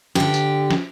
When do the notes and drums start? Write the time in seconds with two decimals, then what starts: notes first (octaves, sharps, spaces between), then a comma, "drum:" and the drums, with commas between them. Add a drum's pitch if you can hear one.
0.15 D3 G4, drum: snare
0.34 drum: tambourine
0.70 drum: snare